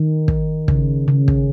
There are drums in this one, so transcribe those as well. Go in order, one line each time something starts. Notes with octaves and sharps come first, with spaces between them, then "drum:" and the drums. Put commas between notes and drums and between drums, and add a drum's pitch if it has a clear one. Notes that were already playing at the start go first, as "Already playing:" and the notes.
Already playing: D#3
drum: kick
C#3, drum: kick
C#3
drum: kick